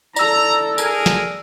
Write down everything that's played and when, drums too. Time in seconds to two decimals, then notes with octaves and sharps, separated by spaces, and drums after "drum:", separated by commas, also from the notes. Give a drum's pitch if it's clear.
0.16 E4 A4 D5 A#5 E6, drum: tambourine
0.78 G#4 A#4 G#5, drum: tambourine
1.06 drum: snare